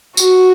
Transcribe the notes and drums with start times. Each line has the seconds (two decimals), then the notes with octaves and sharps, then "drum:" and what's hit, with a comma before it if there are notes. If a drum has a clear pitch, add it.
0.17 F#4, drum: tambourine